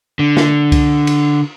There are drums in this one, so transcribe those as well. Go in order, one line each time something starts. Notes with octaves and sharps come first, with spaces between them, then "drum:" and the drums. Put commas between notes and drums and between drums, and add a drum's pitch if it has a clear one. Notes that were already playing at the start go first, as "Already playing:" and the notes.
D3
drum: snare
drum: kick C2, cymbal
drum: cymbal